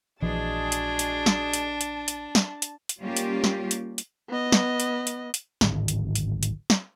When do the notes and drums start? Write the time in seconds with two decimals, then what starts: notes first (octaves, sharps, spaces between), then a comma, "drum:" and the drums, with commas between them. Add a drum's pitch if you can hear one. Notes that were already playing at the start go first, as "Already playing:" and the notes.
0.22 A#1 E3 F3 G#3 D4 F#4 G#4 A5
0.72 drum: hi-hat
0.99 drum: hi-hat
1.26 drum: snare
1.53 drum: hi-hat
1.81 drum: hi-hat
2.08 drum: hi-hat
2.35 drum: snare
2.62 drum: hi-hat
2.89 drum: hi-hat
3.01 G3 A#3 C#4 F4 G4
3.17 drum: hi-hat
3.44 drum: snare
3.71 drum: hi-hat
3.98 drum: hi-hat
4.29 B3 D#5
4.52 drum: snare
4.80 drum: hi-hat
5.07 drum: hi-hat
5.34 drum: hi-hat
5.61 D1 G#1, drum: snare
5.88 drum: hi-hat
6.15 drum: hi-hat
6.43 drum: hi-hat
6.70 drum: snare